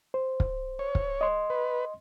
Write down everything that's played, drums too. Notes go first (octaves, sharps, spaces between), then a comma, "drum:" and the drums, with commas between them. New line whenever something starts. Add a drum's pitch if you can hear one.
C5
drum: kick
C#5
drum: kick
D#5 C6
B4